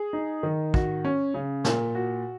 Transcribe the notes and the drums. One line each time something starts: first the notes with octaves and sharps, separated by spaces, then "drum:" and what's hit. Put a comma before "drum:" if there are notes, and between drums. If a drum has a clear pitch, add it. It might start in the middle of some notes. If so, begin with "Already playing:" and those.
Already playing: G#4
D#4
D#3
F#4, drum: kick
C#4
C#3
A#2, drum: snare
F#4